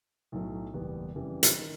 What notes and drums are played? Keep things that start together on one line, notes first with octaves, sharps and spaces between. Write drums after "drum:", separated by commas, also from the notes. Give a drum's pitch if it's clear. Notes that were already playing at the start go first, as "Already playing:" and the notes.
B1 A2 F#3 A3
F#1 E2 B2 G3 B3
F2 C#3 E3 G3
drum: hi-hat
D#3